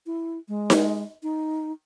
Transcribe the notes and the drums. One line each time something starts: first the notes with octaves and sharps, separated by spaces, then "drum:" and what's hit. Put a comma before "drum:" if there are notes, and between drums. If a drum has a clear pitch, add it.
E4
G#3
drum: snare D#4
D#4